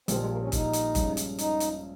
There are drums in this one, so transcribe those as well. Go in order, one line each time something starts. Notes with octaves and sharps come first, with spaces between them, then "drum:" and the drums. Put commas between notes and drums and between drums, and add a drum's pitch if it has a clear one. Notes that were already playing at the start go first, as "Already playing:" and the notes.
A#1 A#2 G3 C4, drum: hi-hat
G#3
A#3
C#4
D#4, drum: kick G1, hi-hat
drum: hi-hat
G2 F3 G#3 C#4, drum: kick G1, hi-hat
drum: hi-hat
D#4, drum: hi-hat
drum: hi-hat